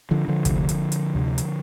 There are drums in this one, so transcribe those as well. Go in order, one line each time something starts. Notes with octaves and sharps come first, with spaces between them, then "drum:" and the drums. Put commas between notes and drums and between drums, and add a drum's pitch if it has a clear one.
D3 F3
D3 F3
D2 C3, drum: kick, hi-hat
drum: hi-hat
drum: hi-hat
D2 C3
drum: hi-hat